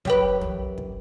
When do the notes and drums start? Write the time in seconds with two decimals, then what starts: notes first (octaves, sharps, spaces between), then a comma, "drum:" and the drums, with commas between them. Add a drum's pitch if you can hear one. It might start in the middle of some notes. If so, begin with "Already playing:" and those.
0.05 F#2 G4 B4, drum: kick
0.41 drum: tom
0.78 drum: kick